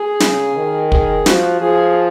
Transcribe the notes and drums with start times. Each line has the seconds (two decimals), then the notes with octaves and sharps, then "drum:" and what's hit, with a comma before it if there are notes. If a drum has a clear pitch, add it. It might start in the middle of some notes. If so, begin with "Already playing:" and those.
Already playing: G#4
0.20 C#3, drum: snare
0.56 D#3
0.92 G#4, drum: kick
1.26 F3 F#4, drum: snare
1.61 F3 G#4